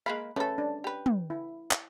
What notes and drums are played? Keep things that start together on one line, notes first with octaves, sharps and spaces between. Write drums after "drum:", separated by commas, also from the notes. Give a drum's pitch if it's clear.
G#3 A#3 F5 B5
A3 C#4 A4 B4
D4
G4 B4
drum: tom
E4
drum: clap